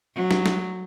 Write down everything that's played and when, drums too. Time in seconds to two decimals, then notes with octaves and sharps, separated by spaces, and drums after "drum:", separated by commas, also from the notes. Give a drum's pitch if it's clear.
0.15 F#3
0.31 drum: snare
0.46 drum: snare